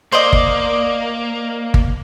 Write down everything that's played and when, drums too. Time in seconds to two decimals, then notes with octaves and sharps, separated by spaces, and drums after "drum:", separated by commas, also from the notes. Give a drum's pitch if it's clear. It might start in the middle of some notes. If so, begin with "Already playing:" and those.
0.12 A#3 C5 D5 D#5
0.33 drum: kick G1
1.74 drum: kick G1